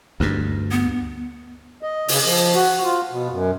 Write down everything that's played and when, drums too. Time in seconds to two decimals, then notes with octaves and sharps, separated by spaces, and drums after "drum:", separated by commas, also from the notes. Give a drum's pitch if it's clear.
0.20 D2 G2, drum: snare
0.71 B3
1.82 D#5
2.08 C#3, drum: open hi-hat
2.24 F3
2.54 F#4
2.84 F4
3.11 B2
3.30 F#2